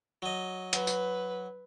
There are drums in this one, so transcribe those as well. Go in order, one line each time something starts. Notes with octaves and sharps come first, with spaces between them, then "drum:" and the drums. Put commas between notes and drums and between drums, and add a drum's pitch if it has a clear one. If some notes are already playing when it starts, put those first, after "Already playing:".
F#3 D#5
F#3 B4, drum: hi-hat
drum: tambourine